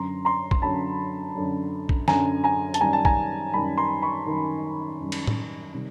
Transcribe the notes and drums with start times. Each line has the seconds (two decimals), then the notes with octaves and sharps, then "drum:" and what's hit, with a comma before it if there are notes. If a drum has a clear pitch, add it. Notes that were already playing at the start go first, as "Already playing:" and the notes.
Already playing: F#2 D3 F#3 A#5 C6
0.25 A#5 C6
0.51 C6, drum: kick
0.62 F#2 D3 F#3 A5 B5
1.35 F#2 D3 F#3
1.89 drum: kick
2.08 F#2 D3 F#3 G#5 A#5, drum: snare
2.44 G#5 A#5
2.74 A5, drum: hi-hat
2.81 F#2 D#3 G3 G#5 A#5
2.93 A5
3.05 G#5 A#5, drum: kick
3.53 F#2 D#3 G3 A5 B5
3.78 A#5 C6
4.02 B5 C#6
4.26 F#2 D#3 G3
5.00 F#2 D#3 G3
5.12 drum: cymbal
5.27 drum: tom A2
5.74 C3 D#3 G3